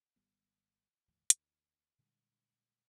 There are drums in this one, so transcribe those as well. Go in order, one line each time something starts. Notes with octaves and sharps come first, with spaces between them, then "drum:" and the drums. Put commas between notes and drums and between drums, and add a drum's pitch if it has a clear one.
G#1 G3 B3
G1 D#2 A2 F3
D2, drum: hi-hat
A#2 D3 G3 G#3